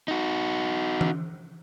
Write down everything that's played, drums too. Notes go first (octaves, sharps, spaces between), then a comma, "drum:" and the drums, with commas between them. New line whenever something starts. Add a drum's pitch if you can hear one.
D#4 F#4
drum: tom E3